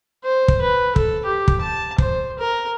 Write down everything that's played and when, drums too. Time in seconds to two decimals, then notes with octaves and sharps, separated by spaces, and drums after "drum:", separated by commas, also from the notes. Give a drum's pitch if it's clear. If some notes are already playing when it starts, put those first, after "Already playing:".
0.24 C5
0.48 drum: kick
0.61 B4
0.96 A4, drum: kick
1.25 G4
1.48 drum: kick
1.61 A5
1.98 C5, drum: kick
2.39 A#4